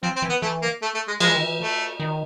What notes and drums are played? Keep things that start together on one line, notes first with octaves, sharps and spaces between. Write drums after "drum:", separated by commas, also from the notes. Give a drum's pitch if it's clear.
F3 C4
C4
E3
B3
E3 A3
A#3
A3
A3
G#3
F3 G#3, drum: cymbal
E3
D#3
E3
A3
D#3